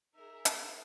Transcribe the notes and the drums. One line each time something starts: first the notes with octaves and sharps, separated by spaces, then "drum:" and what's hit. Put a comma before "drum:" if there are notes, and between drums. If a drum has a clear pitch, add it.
D#4 G#4 A#4 E5 E6
drum: hi-hat